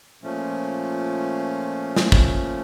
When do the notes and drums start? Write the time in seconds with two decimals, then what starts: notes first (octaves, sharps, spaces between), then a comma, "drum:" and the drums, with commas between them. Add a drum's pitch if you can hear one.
0.22 A#2 F3 A3 C#4
1.96 drum: snare
2.12 drum: kick